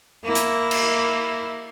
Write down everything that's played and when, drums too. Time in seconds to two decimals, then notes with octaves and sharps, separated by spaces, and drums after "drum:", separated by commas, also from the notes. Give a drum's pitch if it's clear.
0.24 A#3 E4
0.35 drum: hi-hat
0.71 drum: cymbal